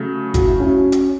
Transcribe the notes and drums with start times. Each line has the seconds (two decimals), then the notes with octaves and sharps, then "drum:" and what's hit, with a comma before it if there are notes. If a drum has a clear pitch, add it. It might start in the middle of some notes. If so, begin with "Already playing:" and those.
Already playing: C#3 F#3 A3
0.34 F#4, drum: kick G1, hi-hat
0.47 E4
0.60 C#4 F#4
0.92 drum: hi-hat